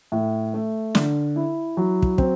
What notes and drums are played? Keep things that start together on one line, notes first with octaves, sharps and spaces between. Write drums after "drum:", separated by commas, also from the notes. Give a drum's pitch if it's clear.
A2
A3
D3, drum: snare
E4
F#3
drum: kick
C4, drum: kick